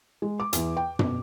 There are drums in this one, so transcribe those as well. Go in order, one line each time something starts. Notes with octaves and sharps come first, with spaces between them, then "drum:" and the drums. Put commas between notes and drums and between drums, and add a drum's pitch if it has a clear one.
G#3
D6
E2, drum: hi-hat
G5
B2, drum: tom